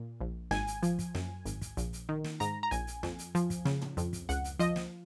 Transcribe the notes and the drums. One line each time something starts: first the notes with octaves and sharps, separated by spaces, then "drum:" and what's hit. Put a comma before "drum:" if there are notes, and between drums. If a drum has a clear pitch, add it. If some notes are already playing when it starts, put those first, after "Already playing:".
Already playing: A#2
A#1
G#1 G#5, drum: snare
drum: hi-hat
F3, drum: hi-hat
drum: kick, hi-hat
F#2, drum: snare
G#1, drum: hi-hat
drum: kick, hi-hat
A#1, drum: hi-hat
drum: hi-hat
D#3
drum: snare
G#2 A#5, drum: hi-hat
A#5
A#1 G#5, drum: hi-hat
drum: hi-hat
F2, drum: snare
drum: hi-hat
F3, drum: hi-hat
drum: kick, hi-hat
C#3, drum: snare
drum: tom
F2, drum: hi-hat
drum: kick, hi-hat
C#2 F#5, drum: hi-hat
drum: hi-hat
F3 D#5, drum: hi-hat
drum: snare